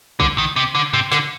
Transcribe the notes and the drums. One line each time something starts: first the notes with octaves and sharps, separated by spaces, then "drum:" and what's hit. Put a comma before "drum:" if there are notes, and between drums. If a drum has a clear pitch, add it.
D3, drum: kick A#1
D#3
C3
D3
C3, drum: tom G2
D3, drum: snare